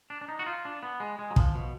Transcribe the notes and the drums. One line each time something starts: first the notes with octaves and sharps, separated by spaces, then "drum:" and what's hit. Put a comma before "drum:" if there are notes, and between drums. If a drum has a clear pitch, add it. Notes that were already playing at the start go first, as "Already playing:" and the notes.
D4
D4
D#4
F#4
F4
D4
B3
G#3
G#3
F#3
F3, drum: kick
B2